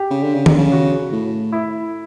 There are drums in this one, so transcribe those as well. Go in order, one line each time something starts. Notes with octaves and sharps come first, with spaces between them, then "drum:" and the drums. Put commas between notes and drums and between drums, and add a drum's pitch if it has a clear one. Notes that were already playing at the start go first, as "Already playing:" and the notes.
Already playing: G4
C#3
D3
C#3
D3, drum: tom D#3
C#3
F#4
A2
E4